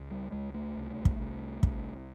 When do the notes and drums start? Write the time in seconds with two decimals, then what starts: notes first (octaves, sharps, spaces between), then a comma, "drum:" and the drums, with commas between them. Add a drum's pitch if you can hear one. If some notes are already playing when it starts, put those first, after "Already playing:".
Already playing: C#2
0.11 G3
0.32 C#2 G#3
0.54 A3
0.76 C2
1.05 drum: kick
1.19 C2
1.63 C2, drum: kick